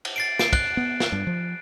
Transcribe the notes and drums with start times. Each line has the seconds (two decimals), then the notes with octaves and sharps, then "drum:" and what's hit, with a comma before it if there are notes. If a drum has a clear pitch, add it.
0.05 drum: cymbal
0.16 A6 C7 D7
0.39 C7 D7, drum: snare
0.53 F#6, drum: kick, cymbal
0.77 B3
1.00 drum: snare
1.12 G2
1.27 F3